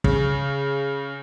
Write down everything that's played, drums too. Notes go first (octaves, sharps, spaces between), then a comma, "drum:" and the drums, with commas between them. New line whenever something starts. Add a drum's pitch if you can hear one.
C#3, drum: kick